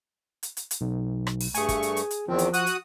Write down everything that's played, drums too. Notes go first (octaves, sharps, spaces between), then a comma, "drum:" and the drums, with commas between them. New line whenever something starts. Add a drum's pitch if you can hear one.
drum: hi-hat
drum: hi-hat
drum: hi-hat
B1
drum: rim click
drum: open hi-hat
G2 A3 G#4 G#5 C#6, drum: hi-hat
drum: kick, hi-hat
drum: hi-hat
drum: hi-hat
drum: hi-hat
E2 D#3 F3 C4
drum: hi-hat
F#4 D#6 F#6, drum: hi-hat
drum: hi-hat